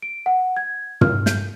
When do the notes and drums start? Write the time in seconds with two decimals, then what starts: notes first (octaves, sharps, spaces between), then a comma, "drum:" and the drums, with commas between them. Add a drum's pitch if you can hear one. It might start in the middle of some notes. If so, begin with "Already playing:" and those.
0.02 D7
0.26 F#5
0.57 G#6
1.01 F6, drum: tom
1.26 G6, drum: snare